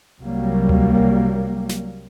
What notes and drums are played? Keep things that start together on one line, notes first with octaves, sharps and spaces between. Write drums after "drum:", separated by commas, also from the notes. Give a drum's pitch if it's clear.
C2 F#3 G3 A#3
drum: tom D2
drum: snare